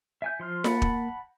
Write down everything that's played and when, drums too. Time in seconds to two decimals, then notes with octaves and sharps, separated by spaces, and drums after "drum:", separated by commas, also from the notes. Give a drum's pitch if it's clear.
0.22 E5 G#5 G6
0.40 F3 C6 F6
0.64 A#3 F#5 A5 B5, drum: snare F4
0.82 drum: kick